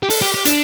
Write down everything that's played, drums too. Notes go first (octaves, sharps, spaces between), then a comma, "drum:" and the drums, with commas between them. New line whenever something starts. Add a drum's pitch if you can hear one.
G4
A4, drum: open hi-hat
G4
G4
D4, drum: hi-hat